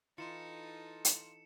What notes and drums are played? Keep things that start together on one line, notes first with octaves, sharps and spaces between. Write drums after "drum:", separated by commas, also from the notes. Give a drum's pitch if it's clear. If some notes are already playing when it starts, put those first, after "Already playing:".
E3 D#4 F4 A4 C6 C#7 E7
drum: hi-hat